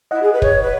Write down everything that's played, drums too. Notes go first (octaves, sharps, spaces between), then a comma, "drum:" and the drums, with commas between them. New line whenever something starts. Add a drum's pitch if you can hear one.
E4 D#5 F#5
G#4
B4
C#5, drum: kick
B4